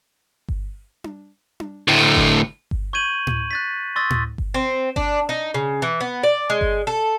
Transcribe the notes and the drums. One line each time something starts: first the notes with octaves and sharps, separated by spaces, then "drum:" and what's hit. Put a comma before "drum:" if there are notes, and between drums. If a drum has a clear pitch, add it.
drum: kick G1
drum: tom D4
drum: tom D4
D2 A2
drum: kick G1
drum: kick G1
C#6 G6 G#6 D#7 F#7
drum: tom A2
F#6 A6 B6
C6 C#6 D#6 E6 A6 A#6
drum: tom A2
drum: kick G1
C4
D4, drum: kick G1
D#4
C#3
E3
B3
D5
G#3
drum: kick G1
A4